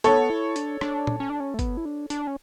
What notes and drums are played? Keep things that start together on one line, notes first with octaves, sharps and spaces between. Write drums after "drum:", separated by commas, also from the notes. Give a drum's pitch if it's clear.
B3 A4 C#5, drum: hi-hat
E4
D4, drum: hi-hat
D4, drum: rim click
drum: tom A#2
C#4
D4
C#4
A3
B3, drum: kick, hi-hat
E4
D4
D4, drum: hi-hat
C#4